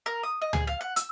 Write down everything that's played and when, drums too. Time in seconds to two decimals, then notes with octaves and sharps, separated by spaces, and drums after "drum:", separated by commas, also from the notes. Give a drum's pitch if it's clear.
0.06 A#4
0.23 D#6
0.42 D#5
0.53 G#4, drum: tom C#2
0.67 F5
0.81 F#5
0.96 E6, drum: hi-hat